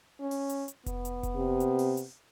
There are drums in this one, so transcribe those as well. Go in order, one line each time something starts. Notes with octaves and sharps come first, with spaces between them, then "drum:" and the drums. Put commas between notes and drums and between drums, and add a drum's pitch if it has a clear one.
C#4
drum: open hi-hat
drum: hi-hat
drum: hi-hat
B3, drum: kick F1, hi-hat
drum: hi-hat
drum: kick F1, hi-hat
C3
drum: hi-hat
drum: open hi-hat
drum: hi-hat